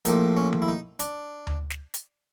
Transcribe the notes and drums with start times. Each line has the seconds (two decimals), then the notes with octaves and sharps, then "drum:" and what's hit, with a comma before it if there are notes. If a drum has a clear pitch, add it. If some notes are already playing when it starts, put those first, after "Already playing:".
0.05 A#1 A2 F3 A#3 D#4, drum: hi-hat
0.37 C#4
0.53 drum: tom D#3
0.62 E4
0.68 D#4
0.99 D4, drum: hi-hat
1.47 drum: tom D2
1.70 drum: snare
1.94 drum: hi-hat